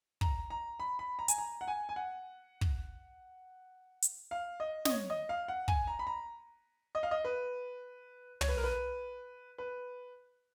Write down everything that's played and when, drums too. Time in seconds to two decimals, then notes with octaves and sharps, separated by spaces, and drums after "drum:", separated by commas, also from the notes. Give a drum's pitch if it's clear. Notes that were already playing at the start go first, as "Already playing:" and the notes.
0.21 A#5, drum: kick
0.50 A#5
0.80 B5
0.99 B5
1.19 A#5
1.28 G#5, drum: hi-hat
1.38 A#5
1.61 F#5
1.68 G#5
1.89 G#5
1.96 F#5
2.61 drum: kick
4.03 drum: hi-hat
4.31 F5
4.60 D#5
4.85 D#5, drum: snare
4.90 C#5
5.10 D#5
5.29 F5
5.48 F#5
5.68 G#5, drum: kick
5.87 A#5
5.99 B5
6.07 A#5
6.95 D#5
7.03 F5
7.11 D#5
7.25 B4
8.41 C#5, drum: tom
8.48 B4
8.57 A#4
8.64 B4
9.58 B4